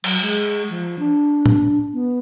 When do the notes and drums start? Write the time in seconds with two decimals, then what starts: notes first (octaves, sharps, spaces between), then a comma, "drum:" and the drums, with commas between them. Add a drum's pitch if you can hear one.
0.04 F#3, drum: cymbal
0.22 G#3
0.70 F3
0.99 D4
1.46 drum: tom A2
1.93 B3